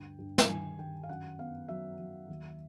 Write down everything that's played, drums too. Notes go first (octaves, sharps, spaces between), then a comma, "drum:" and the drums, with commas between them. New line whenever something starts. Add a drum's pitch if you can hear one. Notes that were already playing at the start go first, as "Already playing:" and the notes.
Already playing: D2 G2 G5
G2
drum: snare
D#3 G#5
D#3 G5
F5
F#2 F#5
B3 F5
F#3 E5
F#3
D#2